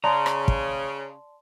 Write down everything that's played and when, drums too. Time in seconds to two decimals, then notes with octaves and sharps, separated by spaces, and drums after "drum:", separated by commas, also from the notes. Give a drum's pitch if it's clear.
0.04 C#3 D5 A5 A#5 C6
0.26 drum: rim click
0.48 drum: kick